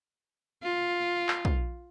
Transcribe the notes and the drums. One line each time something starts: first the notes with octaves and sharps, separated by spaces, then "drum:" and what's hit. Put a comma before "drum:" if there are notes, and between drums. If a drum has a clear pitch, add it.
F4
drum: clap
drum: kick